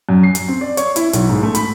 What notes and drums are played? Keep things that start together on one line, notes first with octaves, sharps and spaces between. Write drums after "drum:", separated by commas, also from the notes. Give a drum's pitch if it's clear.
F#2
C7
drum: hi-hat
C4
D5
C#5, drum: hi-hat
E4, drum: hi-hat
B1, drum: hi-hat
G#2
A3
B5, drum: hi-hat